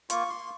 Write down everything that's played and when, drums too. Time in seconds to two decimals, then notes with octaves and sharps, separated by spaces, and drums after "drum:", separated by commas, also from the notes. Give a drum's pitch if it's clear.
0.10 A#3 F4 C#6, drum: hi-hat
0.30 C6